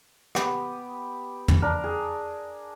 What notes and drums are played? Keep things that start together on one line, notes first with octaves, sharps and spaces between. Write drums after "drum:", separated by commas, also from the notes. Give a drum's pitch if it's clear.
B3 G4 D#6, drum: rim click
drum: tom
D4 A#4
G#4